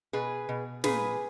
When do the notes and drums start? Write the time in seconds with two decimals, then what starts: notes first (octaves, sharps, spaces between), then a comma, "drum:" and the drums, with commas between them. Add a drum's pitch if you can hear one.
0.13 B2 G#4 B4
0.49 B2
0.84 A#2 G#4 B4, drum: snare